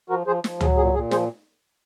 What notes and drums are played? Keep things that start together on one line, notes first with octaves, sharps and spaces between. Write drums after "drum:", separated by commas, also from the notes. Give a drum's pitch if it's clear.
F3 F#4 A#4
F3 G#4 C5
F3, drum: snare
F#3 G#4, drum: tom C#2
A#2 G#4
A#2 G#4
F3 G#4 C5, drum: snare